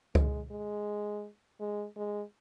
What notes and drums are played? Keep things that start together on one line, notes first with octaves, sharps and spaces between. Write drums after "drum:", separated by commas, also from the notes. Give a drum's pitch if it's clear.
G#3, drum: kick C#2
G#3
G#3
G#3